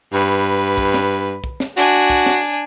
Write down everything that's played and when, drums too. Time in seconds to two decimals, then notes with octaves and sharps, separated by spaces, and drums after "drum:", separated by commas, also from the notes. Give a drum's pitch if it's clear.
0.13 G2 B4
0.78 drum: kick
0.94 drum: snare
1.44 drum: kick
1.60 drum: snare
1.77 D4 F#4 G#5
2.10 drum: kick
2.26 drum: snare